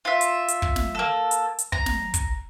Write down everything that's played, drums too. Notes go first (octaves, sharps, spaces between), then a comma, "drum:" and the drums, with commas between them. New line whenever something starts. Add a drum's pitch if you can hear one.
F4 E5
drum: hi-hat
drum: hi-hat
drum: kick
drum: snare
A#3 A4
drum: hi-hat
drum: hi-hat
A#5, drum: kick
drum: snare
drum: kick, hi-hat